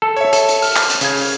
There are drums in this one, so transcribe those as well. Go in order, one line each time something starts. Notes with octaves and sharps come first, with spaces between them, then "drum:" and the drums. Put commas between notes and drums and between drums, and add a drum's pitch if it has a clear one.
A4
C#5 E5
A4, drum: hi-hat
drum: hi-hat
F6, drum: open hi-hat
drum: clap
drum: hi-hat
C#3 F5 G#6, drum: hi-hat
drum: open hi-hat